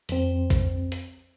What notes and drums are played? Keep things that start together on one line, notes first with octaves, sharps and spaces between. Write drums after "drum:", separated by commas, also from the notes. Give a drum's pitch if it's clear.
F2 C4, drum: hi-hat
drum: kick, hi-hat
drum: hi-hat